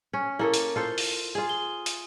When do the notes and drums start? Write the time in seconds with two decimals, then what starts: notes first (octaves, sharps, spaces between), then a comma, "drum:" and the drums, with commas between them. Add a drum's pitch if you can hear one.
0.13 C#4
0.39 A#3 E4 A4 A#4 C#5
0.54 drum: hi-hat
0.76 F4 A4 C5
0.98 drum: open hi-hat
1.35 F4 G#4
1.49 G7
1.86 drum: hi-hat